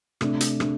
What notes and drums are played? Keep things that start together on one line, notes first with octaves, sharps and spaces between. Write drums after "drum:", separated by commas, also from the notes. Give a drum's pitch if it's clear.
C3 A3 D4, drum: rim click
drum: hi-hat
C3 A3 D4, drum: rim click